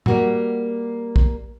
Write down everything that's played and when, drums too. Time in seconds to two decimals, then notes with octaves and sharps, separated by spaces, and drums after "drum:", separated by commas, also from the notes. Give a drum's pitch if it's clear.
0.06 G3 A#3 F#4, drum: tom A2
1.16 drum: kick